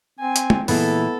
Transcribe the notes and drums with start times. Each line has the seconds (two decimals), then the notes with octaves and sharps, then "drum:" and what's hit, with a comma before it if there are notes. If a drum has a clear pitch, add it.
0.19 C4 G#5
0.36 drum: hi-hat
0.50 drum: tom
0.68 A#2 E3 G#3 B3 E4 A4, drum: open hi-hat